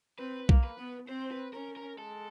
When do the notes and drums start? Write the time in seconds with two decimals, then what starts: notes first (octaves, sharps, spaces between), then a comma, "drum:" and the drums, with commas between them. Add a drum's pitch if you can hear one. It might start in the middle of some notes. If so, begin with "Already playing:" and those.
0.19 C4 B4
0.49 A#3, drum: kick B1
0.64 B4
0.79 B3
1.08 C4 C5
1.31 B4
1.53 C#4 A#4
1.76 A#4
1.98 G#3 A4